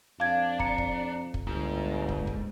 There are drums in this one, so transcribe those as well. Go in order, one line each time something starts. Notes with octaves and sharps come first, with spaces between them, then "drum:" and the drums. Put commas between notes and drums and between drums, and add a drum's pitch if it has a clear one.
F2 D4 F5 G#6
A#5 C#7, drum: kick
drum: kick
drum: kick
G1 C#2 G#2
drum: kick
drum: kick